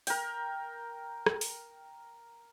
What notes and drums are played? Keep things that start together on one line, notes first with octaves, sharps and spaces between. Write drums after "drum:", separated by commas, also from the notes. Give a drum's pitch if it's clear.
A#4 G5, drum: open hi-hat
drum: rim click
drum: open hi-hat